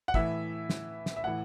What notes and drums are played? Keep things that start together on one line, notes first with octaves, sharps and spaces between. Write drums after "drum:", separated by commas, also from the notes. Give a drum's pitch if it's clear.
F#5
A2 E3 E5, drum: kick
drum: snare
drum: snare
E5
A2 E3 F#5